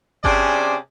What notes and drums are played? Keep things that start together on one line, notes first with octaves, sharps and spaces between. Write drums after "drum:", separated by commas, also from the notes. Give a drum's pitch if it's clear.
C3 C#4 D4 G#4 C5 D5, drum: kick G1